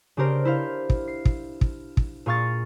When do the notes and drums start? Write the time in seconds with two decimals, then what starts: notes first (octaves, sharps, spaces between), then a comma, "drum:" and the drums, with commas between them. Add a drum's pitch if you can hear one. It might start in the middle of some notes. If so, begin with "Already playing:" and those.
0.17 C#3 D4 G4 A#4 C5
0.45 E4 C5 F5
0.90 drum: kick
1.07 C7
1.25 drum: kick
1.61 drum: kick
1.97 drum: kick
2.26 A#2 G#4 F5 C#6 F6 A6